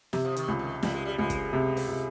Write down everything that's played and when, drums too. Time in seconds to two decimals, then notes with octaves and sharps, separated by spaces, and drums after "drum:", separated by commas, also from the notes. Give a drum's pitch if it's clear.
0.13 C3, drum: snare
0.25 F3
0.36 D#3, drum: hi-hat
0.48 C#2
0.59 D#3
0.83 C#2 G3, drum: snare
0.94 G#3
1.05 G3
1.18 C#2 G#3
1.30 drum: kick, hi-hat
1.53 C3
1.77 drum: open hi-hat
1.88 C3